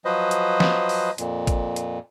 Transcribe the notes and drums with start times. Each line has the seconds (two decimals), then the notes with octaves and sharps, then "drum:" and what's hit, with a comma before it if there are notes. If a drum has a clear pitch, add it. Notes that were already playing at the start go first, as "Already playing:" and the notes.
0.05 F3 F#3 B4 C5 D#5
0.31 drum: hi-hat
0.60 drum: snare
0.89 drum: open hi-hat
1.18 F2 A#2, drum: hi-hat
1.47 drum: kick, hi-hat
1.76 drum: hi-hat